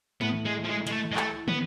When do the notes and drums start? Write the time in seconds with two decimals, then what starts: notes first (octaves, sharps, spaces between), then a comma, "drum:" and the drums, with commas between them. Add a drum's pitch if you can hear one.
0.21 A2 B3
0.45 G#3
0.64 F3
0.68 G#3
0.87 G#3, drum: hi-hat
0.92 A3
1.12 G#3
1.16 A3, drum: clap
1.48 B3, drum: tom